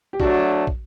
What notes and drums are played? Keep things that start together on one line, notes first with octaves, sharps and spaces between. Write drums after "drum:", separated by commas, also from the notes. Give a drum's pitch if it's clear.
G4
F#3 A3 D4 F#4, drum: kick
drum: kick